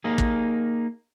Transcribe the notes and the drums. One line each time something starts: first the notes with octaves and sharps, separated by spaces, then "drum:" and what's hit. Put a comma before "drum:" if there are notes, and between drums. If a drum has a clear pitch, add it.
A#3 D#4 G#4
drum: kick